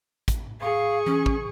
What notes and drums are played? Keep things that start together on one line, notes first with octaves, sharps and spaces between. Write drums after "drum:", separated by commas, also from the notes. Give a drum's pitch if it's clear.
drum: kick, hi-hat
G#4 F5 C#6
C#4, drum: tom E3
drum: kick